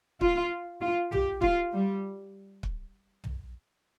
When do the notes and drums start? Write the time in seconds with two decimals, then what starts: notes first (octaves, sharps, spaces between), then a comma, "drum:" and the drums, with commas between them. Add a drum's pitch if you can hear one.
0.21 F4, drum: kick
0.81 F4
1.12 G4, drum: tom
1.42 F4, drum: kick
1.72 G3
2.63 drum: kick
3.24 drum: tom